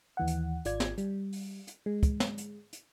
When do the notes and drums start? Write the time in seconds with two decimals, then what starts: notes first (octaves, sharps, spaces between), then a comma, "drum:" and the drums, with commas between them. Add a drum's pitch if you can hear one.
0.17 D#2 E3 F#5
0.27 drum: hi-hat
0.65 G#1 F4 D5 G#6, drum: hi-hat
0.80 drum: snare
0.98 G3, drum: hi-hat
1.33 drum: open hi-hat
1.68 drum: hi-hat
1.86 G#3
2.03 drum: kick, hi-hat
2.20 drum: snare
2.38 drum: hi-hat
2.73 drum: hi-hat